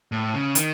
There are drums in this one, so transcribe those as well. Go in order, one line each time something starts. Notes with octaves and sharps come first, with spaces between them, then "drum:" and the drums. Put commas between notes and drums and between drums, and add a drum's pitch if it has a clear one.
A2
C#3
D#3, drum: hi-hat